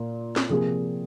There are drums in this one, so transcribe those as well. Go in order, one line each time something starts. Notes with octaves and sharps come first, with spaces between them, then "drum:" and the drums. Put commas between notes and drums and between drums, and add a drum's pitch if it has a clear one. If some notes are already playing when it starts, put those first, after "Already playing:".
Already playing: A#2 A#3
drum: snare
C3 F3 A#3 G#4